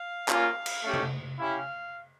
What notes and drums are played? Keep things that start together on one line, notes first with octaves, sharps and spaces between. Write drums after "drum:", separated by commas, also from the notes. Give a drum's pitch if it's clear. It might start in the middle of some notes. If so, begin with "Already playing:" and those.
Already playing: F5
A#3 C#4 F4, drum: clap
drum: cymbal
A3 C#4 G4
drum: tom C3
C#4 E4 G4 F5